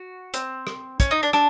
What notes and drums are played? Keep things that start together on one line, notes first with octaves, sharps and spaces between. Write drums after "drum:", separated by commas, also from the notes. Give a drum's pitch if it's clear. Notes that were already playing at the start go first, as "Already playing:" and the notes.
Already playing: F#4
C4, drum: hi-hat
drum: rim click
C#4, drum: kick, hi-hat
D#4
D4
D4, drum: rim click